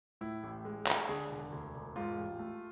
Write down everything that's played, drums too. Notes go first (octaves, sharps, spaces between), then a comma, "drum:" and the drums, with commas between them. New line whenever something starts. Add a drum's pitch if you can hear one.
A2 E4
A1
G#3
G#3, drum: clap
D3 G#4
E1
D2
E1
G#2 F4
A1
A3